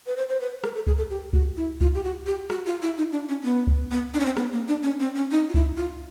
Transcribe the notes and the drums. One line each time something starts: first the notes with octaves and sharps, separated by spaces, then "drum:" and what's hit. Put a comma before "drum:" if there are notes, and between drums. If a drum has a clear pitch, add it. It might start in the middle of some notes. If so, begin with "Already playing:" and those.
B4
C5
C5
B4
A#4, drum: rim click
A4
G#4, drum: kick C#2
A4
G4
F#4, drum: kick C#2
E4
F4, drum: kick C#2
G4
F#4
G4
F#4, drum: rim click
F4
E4
D#4
D4
C#4
B3
drum: kick C#2
B3
D4
C#4
C4
B3, drum: rim click
A#3
D4
C#4
C4
C#4
D#4
F4
E4, drum: kick C#2
F4